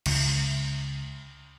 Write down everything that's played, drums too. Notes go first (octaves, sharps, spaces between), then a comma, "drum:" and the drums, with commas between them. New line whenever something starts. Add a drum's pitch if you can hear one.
C#2, drum: cymbal